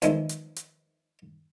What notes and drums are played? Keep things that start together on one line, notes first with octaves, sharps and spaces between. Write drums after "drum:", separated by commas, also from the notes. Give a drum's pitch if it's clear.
E2 D#3 F3 G#3 E4, drum: hi-hat
drum: hi-hat
drum: hi-hat